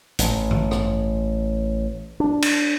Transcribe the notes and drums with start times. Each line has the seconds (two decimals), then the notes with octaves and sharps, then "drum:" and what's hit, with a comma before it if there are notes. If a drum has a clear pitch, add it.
0.19 A1, drum: hi-hat
0.51 drum: tom G2
0.71 drum: rim click
2.20 D4
2.42 drum: cymbal